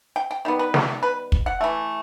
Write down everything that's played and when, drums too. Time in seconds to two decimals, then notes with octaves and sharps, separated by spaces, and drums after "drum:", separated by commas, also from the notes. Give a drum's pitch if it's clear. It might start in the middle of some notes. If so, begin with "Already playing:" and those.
0.16 G5
0.31 G5
0.45 D#3 G3 B3
0.59 B4
0.74 drum: snare
1.03 B4
1.32 drum: kick
1.46 F#5
1.61 E3 A3